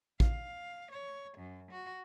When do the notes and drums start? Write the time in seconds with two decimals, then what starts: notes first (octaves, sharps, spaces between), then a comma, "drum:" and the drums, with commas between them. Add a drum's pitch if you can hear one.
0.20 F5, drum: kick A1
0.92 C#5
1.38 F#2
1.71 F#4